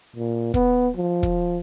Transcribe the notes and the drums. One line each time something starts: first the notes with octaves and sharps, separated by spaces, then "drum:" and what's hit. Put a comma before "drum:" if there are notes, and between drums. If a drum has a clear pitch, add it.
A#2
B3, drum: kick
F3
drum: kick